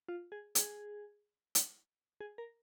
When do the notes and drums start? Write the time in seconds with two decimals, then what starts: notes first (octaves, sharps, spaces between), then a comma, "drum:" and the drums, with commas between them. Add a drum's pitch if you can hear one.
0.08 F4
0.32 G#4
0.55 G#4, drum: hi-hat
1.55 drum: hi-hat
2.21 G#4
2.38 A#4